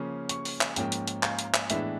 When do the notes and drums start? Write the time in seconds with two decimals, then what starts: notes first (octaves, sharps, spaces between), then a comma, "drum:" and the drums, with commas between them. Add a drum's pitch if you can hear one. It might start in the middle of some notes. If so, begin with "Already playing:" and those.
Already playing: C#3 F3 A#3 C#4
0.29 C#6, drum: hi-hat
0.45 drum: open hi-hat
0.61 drum: clap
0.76 G#2 F3 A#3 C#4 G5, drum: hi-hat
0.92 drum: hi-hat
1.08 drum: hi-hat
1.23 F5, drum: clap
1.39 drum: hi-hat
1.54 drum: clap
1.70 A2 E3 G#3 B3 D4 E5, drum: hi-hat